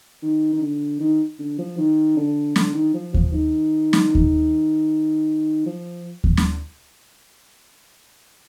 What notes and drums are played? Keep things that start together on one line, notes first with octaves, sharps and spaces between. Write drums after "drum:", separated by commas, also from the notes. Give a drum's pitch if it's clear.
D#3
D#3
D3
D#3
D3
F3
D#3
D3
D3, drum: snare
D#3
F3
F3, drum: kick D#2
D#3
drum: snare
drum: kick D#2
F3
drum: kick D#2
drum: snare